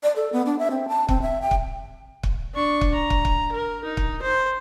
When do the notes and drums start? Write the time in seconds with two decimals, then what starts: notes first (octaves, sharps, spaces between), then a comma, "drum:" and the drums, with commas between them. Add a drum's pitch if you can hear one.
0.03 D5
0.16 A4
0.33 B3
0.46 D4
0.59 E5
0.71 C4
0.88 A5
1.09 C4, drum: kick
1.22 E5
1.42 G5
1.51 drum: kick
2.23 drum: kick
2.54 D4 C#6
2.81 drum: kick
2.94 A#5
3.10 drum: kick
3.25 drum: kick
3.53 A#4
3.85 D#4
3.97 drum: kick
4.22 C5